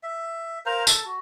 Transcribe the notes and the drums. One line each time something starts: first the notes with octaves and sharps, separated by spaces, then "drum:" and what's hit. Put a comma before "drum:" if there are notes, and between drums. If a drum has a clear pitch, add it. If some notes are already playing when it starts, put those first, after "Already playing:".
E5
A#4 C5 F5 A#5
A4 A5, drum: tambourine
F#4